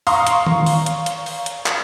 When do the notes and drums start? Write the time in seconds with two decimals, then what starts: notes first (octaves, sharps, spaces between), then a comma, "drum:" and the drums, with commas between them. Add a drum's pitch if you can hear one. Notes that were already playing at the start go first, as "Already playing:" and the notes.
0.07 F5 A#5 C6 C#6 D#6, drum: open hi-hat
0.27 drum: hi-hat
0.47 drum: tom D#3
0.66 drum: open hi-hat
0.86 drum: hi-hat
1.06 drum: hi-hat
1.26 drum: open hi-hat
1.46 drum: hi-hat
1.66 drum: clap